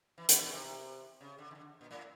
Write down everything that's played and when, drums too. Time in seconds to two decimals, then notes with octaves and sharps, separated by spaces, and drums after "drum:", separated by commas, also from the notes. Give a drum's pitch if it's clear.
0.18 E3
0.29 E3, drum: hi-hat
0.41 B2
0.52 C3
1.21 C#3
1.38 D3
1.51 D#3
1.55 D3
1.81 A#2
1.91 A2